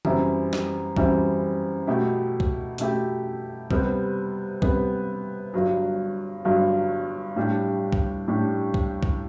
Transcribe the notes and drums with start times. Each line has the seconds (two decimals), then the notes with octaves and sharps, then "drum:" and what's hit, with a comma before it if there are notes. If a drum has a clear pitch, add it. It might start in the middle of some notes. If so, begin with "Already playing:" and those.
0.05 F#2 E3 G3 C4 E4, drum: tom C#3
0.53 drum: snare
0.97 F#2 E3 G3 C4 E4, drum: kick
1.87 B2 A3 E4 G4
2.40 drum: kick
2.78 B2 A3 E4 G4, drum: hi-hat
3.71 C3 G3 B3, drum: kick
4.62 C3 G3 B3, drum: kick
5.54 G1 G2 F#3
6.45 G1 G2 F#3
7.36 A2 G3 D4 G4
7.93 drum: kick
8.28 A2 G3 D4 G4
8.74 drum: kick
9.03 drum: kick